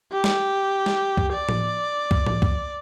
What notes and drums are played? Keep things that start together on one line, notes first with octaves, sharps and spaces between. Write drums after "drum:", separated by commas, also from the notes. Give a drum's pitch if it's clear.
G4
drum: snare
drum: snare
drum: kick C2
D5
drum: tom A2
drum: kick C2
drum: tom A2
drum: kick C2